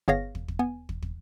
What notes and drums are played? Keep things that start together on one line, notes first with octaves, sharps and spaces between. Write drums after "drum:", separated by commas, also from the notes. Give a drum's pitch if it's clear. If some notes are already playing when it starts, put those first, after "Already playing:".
G1 B3 G#4 C#5 F5 A#6
drum: kick
drum: kick
B3 G#5
drum: kick
drum: kick